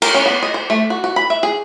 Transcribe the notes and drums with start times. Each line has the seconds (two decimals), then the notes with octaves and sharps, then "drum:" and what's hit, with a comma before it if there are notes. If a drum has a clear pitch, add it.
0.02 A#4, drum: cymbal
0.14 C#4
0.26 B3
0.43 D#5
0.54 C5
0.70 A3
0.90 F#4
1.04 F#4
1.16 B5
1.30 E5
1.43 G#4